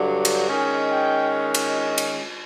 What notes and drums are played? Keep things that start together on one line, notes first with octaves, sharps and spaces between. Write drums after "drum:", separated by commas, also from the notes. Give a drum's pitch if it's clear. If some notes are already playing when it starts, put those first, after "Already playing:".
Already playing: G2 D3 F#3
drum: cymbal
D#3 G#3 C#4 G#5
G5
drum: cymbal
drum: cymbal